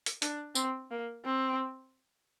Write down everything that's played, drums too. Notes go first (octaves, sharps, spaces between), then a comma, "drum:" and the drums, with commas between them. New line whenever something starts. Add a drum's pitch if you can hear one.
drum: hi-hat
D4, drum: hi-hat
C4, drum: tambourine
A#3
C4